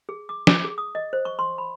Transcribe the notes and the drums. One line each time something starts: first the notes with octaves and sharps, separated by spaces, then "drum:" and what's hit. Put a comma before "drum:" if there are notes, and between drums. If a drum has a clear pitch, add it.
G#4
D6
D6, drum: snare
G#4
D#6
D#5
C5
C#6
C6
B5